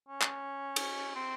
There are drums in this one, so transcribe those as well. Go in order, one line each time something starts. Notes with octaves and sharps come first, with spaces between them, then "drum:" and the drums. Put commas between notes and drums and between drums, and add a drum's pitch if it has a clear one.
C#4
drum: clap
drum: cymbal
C4